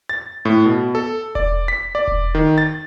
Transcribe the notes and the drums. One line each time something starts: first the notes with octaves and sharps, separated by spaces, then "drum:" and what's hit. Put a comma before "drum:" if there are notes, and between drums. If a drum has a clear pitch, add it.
A6
A2
B2
A4
D5, drum: kick E1
B6
D5
drum: kick E1
D#3
A6